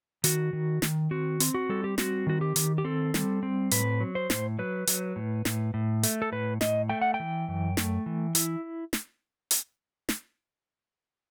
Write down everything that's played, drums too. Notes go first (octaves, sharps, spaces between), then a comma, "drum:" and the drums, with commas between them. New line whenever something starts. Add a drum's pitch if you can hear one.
D#3 F#4, drum: hi-hat
D#3
D#3, drum: snare
C4 F#4
C4, drum: hi-hat
F#4
G3 A4
G4
C4 F#4, drum: snare
D#3 F#4
G4
D#3, drum: hi-hat
G4
C4 A4
G3, drum: snare
C4
A2 B4, drum: hi-hat
F#3
C5
A2, drum: snare
F#3 B4
F#3, drum: hi-hat
A2
A2, drum: snare
A2
A3, drum: hi-hat
A4
A2 B4
A2 D#5, drum: snare
A3 G5
F#5
G5
E3
F#2
A3, drum: snare
E3
E4, drum: hi-hat
drum: snare
drum: hi-hat
drum: snare